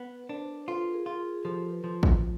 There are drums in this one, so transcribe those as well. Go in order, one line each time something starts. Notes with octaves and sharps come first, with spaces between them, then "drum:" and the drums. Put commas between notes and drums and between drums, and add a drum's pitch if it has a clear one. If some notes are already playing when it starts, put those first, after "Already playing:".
Already playing: B3
B4
D4 A#4 C5
C5
F4 A4 B4
G#4 A#4
F4
G#4 A#4
G#4
F3 G4 A4
A4 B4
F3
drum: kick